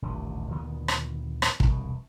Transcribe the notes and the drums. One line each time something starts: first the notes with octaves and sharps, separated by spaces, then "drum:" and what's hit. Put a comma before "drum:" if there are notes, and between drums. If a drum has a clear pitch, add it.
D#1 A1 D2 C3
D2 A#2 D#3 B3
drum: rim click
drum: rim click
E1 C2 B2, drum: kick